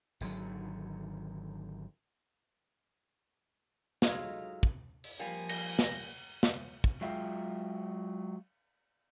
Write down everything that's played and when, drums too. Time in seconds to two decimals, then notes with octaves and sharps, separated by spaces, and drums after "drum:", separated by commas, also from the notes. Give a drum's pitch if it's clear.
0.21 G#1 D3 D#3 F#3, drum: tambourine
4.02 F#3 G#3 A3 D#4 F4, drum: snare
4.63 drum: kick
5.04 drum: open hi-hat
5.19 F3 G3 A#3 G#5
5.49 A#6, drum: cymbal
5.79 drum: snare
6.43 drum: snare
6.84 drum: kick
7.01 F#3 G#3 F4 E5 F5 G5